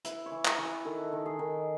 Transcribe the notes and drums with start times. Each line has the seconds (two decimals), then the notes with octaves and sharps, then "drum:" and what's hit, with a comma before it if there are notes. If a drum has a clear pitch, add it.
0.05 E4 B4, drum: hi-hat
0.26 C#5
0.31 E3
0.45 C#5, drum: clap
0.58 E3
0.65 B4
0.85 D#3 A4
1.13 D#3
1.26 G#4
1.39 D#3